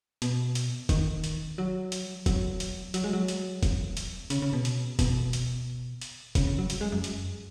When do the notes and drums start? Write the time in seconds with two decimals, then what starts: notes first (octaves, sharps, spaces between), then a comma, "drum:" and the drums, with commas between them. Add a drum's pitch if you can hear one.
0.22 B2, drum: hi-hat
0.55 drum: hi-hat
0.89 D#3, drum: kick F1, hi-hat
1.24 drum: hi-hat
1.58 F#3
1.92 drum: hi-hat
2.26 F#3, drum: kick F1, hi-hat
2.60 drum: hi-hat
2.94 F#3, drum: hi-hat
3.04 G#3
3.13 F#3
3.28 drum: hi-hat
3.63 drum: kick F1, hi-hat
3.97 drum: hi-hat
4.30 C#3, drum: hi-hat
4.42 C#3
4.53 B2
4.65 drum: hi-hat
4.99 B2, drum: kick F1, hi-hat
5.33 drum: hi-hat
6.01 drum: hi-hat
6.35 C#3, drum: kick F1, hi-hat
6.47 C#3
6.59 F#3
6.70 drum: hi-hat
6.81 G#3
6.92 F#2
7.04 drum: hi-hat